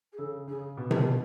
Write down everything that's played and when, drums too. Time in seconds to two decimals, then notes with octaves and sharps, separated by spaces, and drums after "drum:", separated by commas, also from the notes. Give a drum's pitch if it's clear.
0.12 G#4
0.18 C#3 A4
0.47 C#3 G#4
0.77 B2 B3
0.91 drum: tom C3
1.08 C#4